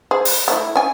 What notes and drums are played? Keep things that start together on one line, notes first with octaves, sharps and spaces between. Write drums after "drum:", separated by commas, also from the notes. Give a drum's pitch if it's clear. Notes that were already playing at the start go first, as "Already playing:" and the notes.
G#4 C5
drum: open hi-hat
A3 C#4 E4
C#4 G#5